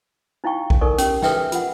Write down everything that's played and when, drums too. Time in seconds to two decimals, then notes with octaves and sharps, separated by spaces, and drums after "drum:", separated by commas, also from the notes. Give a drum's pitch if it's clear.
0.44 D#4 E4 F5 G5 C#6
0.70 drum: kick A#1
0.81 D#4 A4 A#4 D5 C#6
0.98 C#4 G4, drum: hi-hat
1.22 A4 B4 E5 G5, drum: snare
1.52 F4 F#5, drum: hi-hat